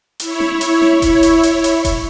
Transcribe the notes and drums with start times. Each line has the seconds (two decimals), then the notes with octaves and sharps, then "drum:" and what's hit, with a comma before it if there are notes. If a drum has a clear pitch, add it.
0.20 E4 C#5, drum: hi-hat
0.40 drum: snare
0.61 drum: hi-hat
0.81 drum: snare
1.02 drum: kick E1, hi-hat
1.23 drum: hi-hat
1.43 drum: hi-hat
1.64 drum: hi-hat
1.85 drum: kick E1, hi-hat